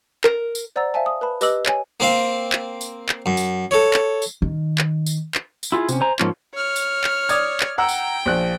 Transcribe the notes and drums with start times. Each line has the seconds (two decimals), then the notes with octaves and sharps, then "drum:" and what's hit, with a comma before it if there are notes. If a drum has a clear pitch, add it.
0.24 A#4, drum: clap
0.55 drum: tambourine
0.76 C5 D5 F#5 A#5 E6 A6
0.94 C5 E5 F5 G#5 A5
1.06 D#6
1.21 B4 A5 B5
1.41 G4 B4 D#5 D6 E6 F#7, drum: tambourine
1.66 C#5 G#5, drum: clap
2.00 A#3 C4 F5
2.52 drum: clap
2.81 drum: tambourine
3.09 drum: clap
3.26 F#2
3.37 drum: tambourine
3.71 A4 C#5
3.94 drum: clap
4.22 drum: tambourine
4.42 D#3
4.78 drum: clap
5.06 drum: tambourine
5.35 drum: clap
5.63 drum: tambourine
5.72 E4 F4 G4 G#4
5.89 C3 C#4, drum: tambourine
6.01 C5 G#5 A#5
6.19 G#2 F3 A#3 C#4 F4, drum: clap
6.54 C#5 F6
6.76 drum: tambourine
7.04 drum: clap
7.29 D5 D#6 G#6, drum: tambourine
7.60 drum: clap
7.78 F#5 G5 A#5 E6
7.89 drum: tambourine
8.26 A#1 F3 F#6